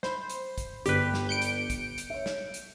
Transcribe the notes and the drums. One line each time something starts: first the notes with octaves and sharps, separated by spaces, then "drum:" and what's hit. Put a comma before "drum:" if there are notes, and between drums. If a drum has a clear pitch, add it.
C5 B5, drum: snare
drum: hi-hat
drum: kick, hi-hat
G1 G2 G4 B4, drum: hi-hat
drum: snare
G6 C#7 D7
drum: hi-hat
drum: kick, hi-hat
drum: hi-hat
C#5 E5
drum: snare
drum: hi-hat